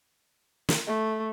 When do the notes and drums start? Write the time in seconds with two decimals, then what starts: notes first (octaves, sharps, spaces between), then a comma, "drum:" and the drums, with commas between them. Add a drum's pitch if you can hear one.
0.69 drum: snare
0.87 A3